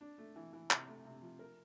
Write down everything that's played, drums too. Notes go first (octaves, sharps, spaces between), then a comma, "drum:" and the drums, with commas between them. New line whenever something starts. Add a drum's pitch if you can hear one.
D4
A3
E3
E3
C3, drum: clap
A3
C3
F3
A#4